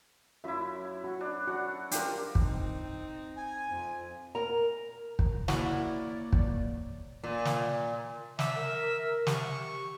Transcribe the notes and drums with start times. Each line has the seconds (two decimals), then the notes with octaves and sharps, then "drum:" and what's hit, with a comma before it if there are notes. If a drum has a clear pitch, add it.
0.44 F#2 E4 F4 E5
1.04 F#4
1.21 D4
1.47 F#4 D5 F#5
1.91 D4 F4 G4 A#4, drum: hi-hat
2.35 C4 D#4, drum: kick
3.36 G#5
3.69 F2
4.35 A#4 A#5
5.19 drum: kick
5.48 A#3 E4 F#4 A#4 C#5 D5, drum: snare
6.33 drum: kick
7.24 A#2
7.45 drum: snare
8.39 E5 D6, drum: snare
8.55 A#4
9.27 G4 C#6, drum: snare